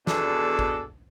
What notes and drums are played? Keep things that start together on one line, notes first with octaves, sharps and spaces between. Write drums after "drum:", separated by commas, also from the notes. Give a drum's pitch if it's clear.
E2 B2 D4 G#4 A4, drum: snare
drum: kick